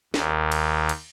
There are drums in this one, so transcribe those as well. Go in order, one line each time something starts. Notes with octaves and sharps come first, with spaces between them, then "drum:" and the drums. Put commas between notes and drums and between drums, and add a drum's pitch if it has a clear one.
D#2, drum: snare
drum: cymbal
drum: cymbal